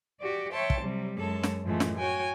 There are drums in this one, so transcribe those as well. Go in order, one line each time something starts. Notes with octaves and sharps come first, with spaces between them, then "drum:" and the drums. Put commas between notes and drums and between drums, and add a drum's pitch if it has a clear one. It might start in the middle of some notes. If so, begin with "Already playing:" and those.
F#4 G4 D5
C#5 E5 G5 A5 C6
drum: kick
C3 F#3 G3
F#2 G#3 A4 C#5 A5
drum: snare
F#2 A2 E3 F3 G#3 A3
drum: snare
F#4 C#5 G5 G#5